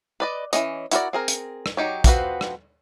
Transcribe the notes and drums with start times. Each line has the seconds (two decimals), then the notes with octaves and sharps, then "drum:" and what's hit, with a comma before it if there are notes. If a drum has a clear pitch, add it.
0.20 B4 D5 D#5
0.53 E3 C#4 D#5, drum: hi-hat
0.91 E4 F#4 A#4 B4 D5, drum: hi-hat
1.13 C4 G#4 A#4
1.28 drum: hi-hat
1.66 drum: rim click
1.77 F#3 D#4 G4 C#5
2.04 F3 C4 C#4 F#4 B4, drum: kick, hi-hat
2.41 drum: rim click